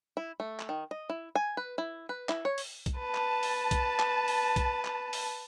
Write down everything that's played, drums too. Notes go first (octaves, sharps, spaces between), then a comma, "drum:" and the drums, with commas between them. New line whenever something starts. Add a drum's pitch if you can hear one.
E4
A3
drum: clap
D#3
D#5
E4
G#5
B4
E4
B4
E4, drum: clap
C#5
drum: open hi-hat
drum: kick B1, hi-hat
B4 A5
drum: clap
drum: open hi-hat
drum: kick B1, hi-hat
drum: clap
drum: open hi-hat
drum: kick B1, hi-hat
drum: clap
drum: open hi-hat